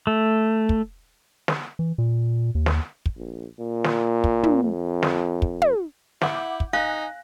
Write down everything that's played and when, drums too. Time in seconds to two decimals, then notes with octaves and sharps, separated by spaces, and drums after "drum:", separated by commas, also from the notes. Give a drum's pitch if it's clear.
0.07 A3
0.69 drum: kick
1.48 drum: snare
1.79 E3
1.98 A#2
2.55 D#2
2.66 drum: snare
3.06 drum: kick
3.17 A#1
3.60 A#2
3.84 drum: snare
4.24 drum: kick
4.43 drum: tom
4.63 F2
5.03 drum: snare
5.42 drum: kick
5.62 drum: tom
6.21 E4 F#5 D6 G6, drum: snare
6.60 drum: kick
6.73 D#4 F5 G#5 F#6 A#6